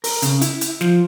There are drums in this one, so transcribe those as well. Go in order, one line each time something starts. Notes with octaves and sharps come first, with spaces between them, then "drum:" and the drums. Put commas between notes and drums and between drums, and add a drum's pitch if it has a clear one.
A#4, drum: open hi-hat
C#3, drum: hi-hat
E4, drum: hi-hat
drum: hi-hat
F3, drum: snare